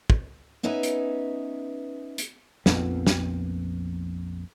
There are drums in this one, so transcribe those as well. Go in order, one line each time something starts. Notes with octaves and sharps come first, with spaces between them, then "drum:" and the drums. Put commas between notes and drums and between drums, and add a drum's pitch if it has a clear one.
drum: kick
B3 C#4 D#4 B4 E5 G#5
drum: hi-hat
drum: hi-hat
A#1 F2 B3, drum: snare
drum: snare